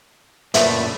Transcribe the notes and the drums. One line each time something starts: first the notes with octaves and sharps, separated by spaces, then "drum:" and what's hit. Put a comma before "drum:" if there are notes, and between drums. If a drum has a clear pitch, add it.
F#2 A#2 C#3 A3 B4 E5, drum: hi-hat